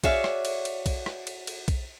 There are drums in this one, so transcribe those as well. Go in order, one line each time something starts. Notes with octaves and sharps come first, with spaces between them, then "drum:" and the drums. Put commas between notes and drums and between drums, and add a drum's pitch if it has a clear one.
F#4 G#4 C#5 D5 E5 F5, drum: kick, cymbal
drum: rim click
drum: cymbal
drum: cymbal
drum: kick, cymbal
drum: rim click
drum: cymbal
drum: cymbal
drum: kick, cymbal